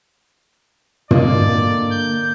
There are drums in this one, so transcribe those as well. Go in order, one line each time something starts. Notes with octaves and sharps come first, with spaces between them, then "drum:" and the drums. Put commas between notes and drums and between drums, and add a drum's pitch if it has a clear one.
D3 A#3 D5 D#5, drum: tom
G6